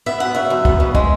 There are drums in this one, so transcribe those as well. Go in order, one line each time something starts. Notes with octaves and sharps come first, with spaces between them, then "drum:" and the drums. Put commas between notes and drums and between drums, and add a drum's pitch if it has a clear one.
B3 E5
F#2 F#5
C#3 E5
F#2
B3, drum: kick
C#3
G#3, drum: kick